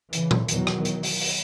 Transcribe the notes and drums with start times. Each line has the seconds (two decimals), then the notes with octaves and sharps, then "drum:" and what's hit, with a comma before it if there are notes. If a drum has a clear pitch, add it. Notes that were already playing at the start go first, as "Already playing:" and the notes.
0.13 C#3 E3, drum: hi-hat
0.31 drum: tom A#2
0.48 E2 B2 D#3 F#3, drum: hi-hat
0.67 drum: rim click
0.85 drum: hi-hat
1.03 drum: open hi-hat
1.21 drum: open hi-hat